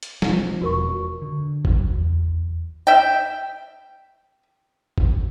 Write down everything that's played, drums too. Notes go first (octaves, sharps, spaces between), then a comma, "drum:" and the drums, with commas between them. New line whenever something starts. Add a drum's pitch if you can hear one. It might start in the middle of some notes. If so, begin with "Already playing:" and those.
drum: hi-hat
C3 F3, drum: snare
E1 E2 F#4 A#4 C#6
D3
F#3, drum: kick G1
C#2
E2
E5 G5
drum: kick G1